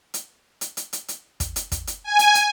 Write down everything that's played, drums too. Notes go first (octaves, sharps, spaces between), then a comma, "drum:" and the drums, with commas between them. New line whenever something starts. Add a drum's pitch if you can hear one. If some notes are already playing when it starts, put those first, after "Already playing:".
drum: hi-hat
drum: hi-hat
drum: hi-hat
drum: hi-hat
drum: hi-hat
drum: kick, hi-hat
drum: hi-hat
drum: kick, hi-hat
drum: hi-hat
G#5
drum: hi-hat
drum: hi-hat